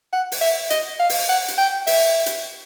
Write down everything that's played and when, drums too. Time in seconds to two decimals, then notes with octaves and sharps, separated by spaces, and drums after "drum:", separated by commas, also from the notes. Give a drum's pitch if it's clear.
0.13 F#5
0.32 drum: open hi-hat
0.41 E5
0.70 D#5, drum: hi-hat
1.00 F5
1.09 drum: open hi-hat
1.29 F#5
1.48 drum: hi-hat
1.58 G5
1.87 E5, drum: open hi-hat
2.26 drum: hi-hat